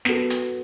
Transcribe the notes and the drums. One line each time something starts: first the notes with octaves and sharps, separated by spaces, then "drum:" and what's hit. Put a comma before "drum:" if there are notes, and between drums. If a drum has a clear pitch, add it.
B3 F#4 A4, drum: snare
drum: hi-hat